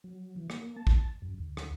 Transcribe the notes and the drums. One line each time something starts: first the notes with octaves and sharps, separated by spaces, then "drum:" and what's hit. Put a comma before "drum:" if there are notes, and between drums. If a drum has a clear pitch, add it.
F#3
E3
A#3, drum: rim click
A5
drum: kick
F#2
D2
drum: rim click